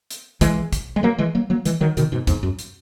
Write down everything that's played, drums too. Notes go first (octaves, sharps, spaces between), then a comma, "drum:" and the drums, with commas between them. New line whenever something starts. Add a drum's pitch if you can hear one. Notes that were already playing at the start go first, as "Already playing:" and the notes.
drum: hi-hat
E3 G#3, drum: kick, hi-hat
drum: kick, hi-hat
G#3
F#3 A#3
E3 G#3
F#3 A#3
F#3 A#3
E3 G#3, drum: hi-hat
D#3 F#3
B2 D#3, drum: hi-hat
G#2 B2
E2 G#2, drum: kick, hi-hat
F#2
drum: hi-hat